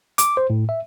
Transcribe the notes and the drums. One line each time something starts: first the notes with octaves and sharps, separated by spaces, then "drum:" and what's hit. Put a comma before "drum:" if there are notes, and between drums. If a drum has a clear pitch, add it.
D6, drum: hi-hat
C5
A2
E5